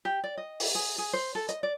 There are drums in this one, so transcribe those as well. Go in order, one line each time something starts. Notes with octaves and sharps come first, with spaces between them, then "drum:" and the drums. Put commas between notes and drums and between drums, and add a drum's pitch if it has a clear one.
G4
D5
D#5
drum: open hi-hat
G#4
G#4
C5
A4
D#5, drum: hi-hat
D5